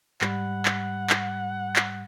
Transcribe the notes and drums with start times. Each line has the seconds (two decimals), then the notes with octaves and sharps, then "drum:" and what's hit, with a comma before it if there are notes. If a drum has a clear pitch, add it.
0.21 G#2 G3 F#5 B5, drum: clap
0.65 drum: clap
1.10 drum: clap
1.76 drum: clap